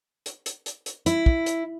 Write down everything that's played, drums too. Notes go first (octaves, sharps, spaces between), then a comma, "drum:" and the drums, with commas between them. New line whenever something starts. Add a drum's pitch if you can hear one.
drum: hi-hat
drum: hi-hat
drum: hi-hat
drum: hi-hat
E4, drum: hi-hat
drum: kick
drum: hi-hat